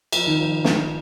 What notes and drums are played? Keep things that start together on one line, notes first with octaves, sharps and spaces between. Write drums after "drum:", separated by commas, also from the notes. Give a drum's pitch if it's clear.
F3, drum: cymbal
D#3
F3
drum: snare